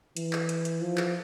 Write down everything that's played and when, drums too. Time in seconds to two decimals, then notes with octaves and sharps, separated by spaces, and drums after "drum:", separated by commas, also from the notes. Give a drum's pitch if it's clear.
0.17 E3, drum: hi-hat
0.33 drum: clap
0.49 drum: hi-hat
0.65 drum: hi-hat
0.81 F3
0.97 drum: clap